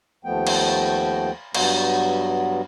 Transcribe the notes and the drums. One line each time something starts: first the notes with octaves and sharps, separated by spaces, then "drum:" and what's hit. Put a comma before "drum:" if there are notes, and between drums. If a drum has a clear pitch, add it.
D#2 F3 A3 B3 G5
drum: cymbal
G2 F#3 B3, drum: cymbal